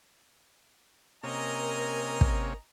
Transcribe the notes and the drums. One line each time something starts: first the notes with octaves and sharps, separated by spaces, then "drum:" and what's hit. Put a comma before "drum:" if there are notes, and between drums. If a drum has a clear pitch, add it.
C3 A#3 C#4 A#4 D#5 G#5 A#5
drum: kick